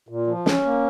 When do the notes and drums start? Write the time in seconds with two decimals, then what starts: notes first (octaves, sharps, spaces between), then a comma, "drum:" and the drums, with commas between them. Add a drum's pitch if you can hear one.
0.09 A#2
0.27 F3
0.46 C#4, drum: snare
0.65 A#3